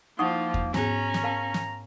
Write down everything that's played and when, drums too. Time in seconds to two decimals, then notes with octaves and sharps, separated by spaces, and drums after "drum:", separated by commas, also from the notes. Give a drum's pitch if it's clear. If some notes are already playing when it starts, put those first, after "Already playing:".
0.19 F3 A#3 D#4 E4 F#5 C#6 D#6
0.54 drum: kick E2
0.74 G#2 B3 C#4 G#4 A#5, drum: snare
1.14 drum: snare
1.23 A#4 F5 A5
1.54 drum: snare